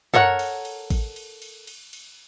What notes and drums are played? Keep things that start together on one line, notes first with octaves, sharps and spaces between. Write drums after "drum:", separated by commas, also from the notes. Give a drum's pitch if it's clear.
A4 A#4 C#5 F#5, drum: tom F#2
drum: cymbal
drum: cymbal
drum: kick A1, cymbal
drum: cymbal
drum: cymbal
drum: cymbal
drum: cymbal